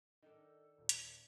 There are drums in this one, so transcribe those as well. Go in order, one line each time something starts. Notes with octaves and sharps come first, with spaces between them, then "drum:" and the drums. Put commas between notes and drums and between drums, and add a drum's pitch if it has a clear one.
D#3 D4 A4
D#1
drum: hi-hat